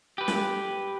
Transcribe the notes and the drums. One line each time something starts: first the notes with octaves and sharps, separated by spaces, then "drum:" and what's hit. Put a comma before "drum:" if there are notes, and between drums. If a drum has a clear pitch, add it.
G4 B4
drum: snare